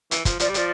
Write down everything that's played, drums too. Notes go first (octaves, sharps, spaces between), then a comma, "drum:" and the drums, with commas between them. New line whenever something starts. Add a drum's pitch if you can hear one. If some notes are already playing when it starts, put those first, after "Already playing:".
E3, drum: hi-hat
F3, drum: kick, hi-hat
F3 D5, drum: hi-hat
G3
F3 D5, drum: hi-hat